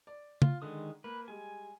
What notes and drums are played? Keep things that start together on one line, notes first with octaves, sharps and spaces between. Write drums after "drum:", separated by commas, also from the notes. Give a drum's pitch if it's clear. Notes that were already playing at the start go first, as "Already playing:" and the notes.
D5
F4, drum: tom
D3 D#3 G#3 D#6
A#3 B4
G3 G#3 G#5